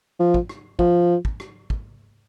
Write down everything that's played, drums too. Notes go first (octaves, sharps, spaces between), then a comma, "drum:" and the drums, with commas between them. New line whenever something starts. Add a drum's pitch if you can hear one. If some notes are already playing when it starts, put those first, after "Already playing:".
F3
drum: kick
drum: rim click
F3, drum: kick
drum: kick
drum: rim click
drum: kick